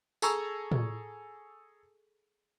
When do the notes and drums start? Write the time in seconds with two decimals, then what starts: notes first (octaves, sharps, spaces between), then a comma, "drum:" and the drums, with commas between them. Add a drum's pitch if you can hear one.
0.22 G#4 A4 G#5 A#5 C#6 E6, drum: tambourine
0.71 drum: tom A2